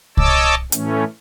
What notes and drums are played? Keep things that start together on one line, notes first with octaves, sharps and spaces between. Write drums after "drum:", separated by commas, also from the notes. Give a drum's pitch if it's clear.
C#5 D#5 A5 D6 E6, drum: kick C2
A2 E3 A3 C#4, drum: hi-hat